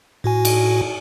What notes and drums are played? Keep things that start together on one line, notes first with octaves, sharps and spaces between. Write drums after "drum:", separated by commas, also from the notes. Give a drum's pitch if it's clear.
A2 F#4 G#5
drum: cymbal